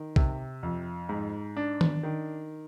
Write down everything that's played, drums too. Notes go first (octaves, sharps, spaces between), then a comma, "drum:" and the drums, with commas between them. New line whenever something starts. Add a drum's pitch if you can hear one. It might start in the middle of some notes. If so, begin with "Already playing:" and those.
Already playing: D#3
C3, drum: kick B1
F2
G#2
D4
drum: tom D#3
D#3